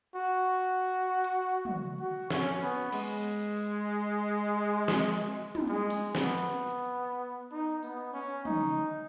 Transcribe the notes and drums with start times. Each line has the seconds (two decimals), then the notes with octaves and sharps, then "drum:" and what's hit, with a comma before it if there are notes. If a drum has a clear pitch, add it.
0.15 F#4
1.24 drum: hi-hat
1.65 drum: tom
2.00 F#4
2.30 C#4, drum: snare
2.62 B3
2.92 G#3, drum: cymbal
3.25 drum: hi-hat
4.88 drum: snare
5.55 drum: tom
5.68 G#3
5.90 drum: cymbal
6.15 B3, drum: snare
7.52 D#4
7.83 B3, drum: open hi-hat
8.13 C#4
8.45 D#4, drum: tom